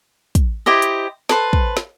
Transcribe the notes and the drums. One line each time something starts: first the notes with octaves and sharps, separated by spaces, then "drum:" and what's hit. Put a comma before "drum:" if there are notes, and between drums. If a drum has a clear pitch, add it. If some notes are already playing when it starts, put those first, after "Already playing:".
drum: kick, hi-hat
E4 G4 C5 D#5
drum: hi-hat
A4 B4 C5, drum: snare
drum: kick
drum: snare